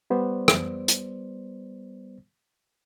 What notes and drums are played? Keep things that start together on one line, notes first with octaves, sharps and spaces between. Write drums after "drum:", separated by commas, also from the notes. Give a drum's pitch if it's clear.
G3 B3 C5 D5
drum: rim click
drum: hi-hat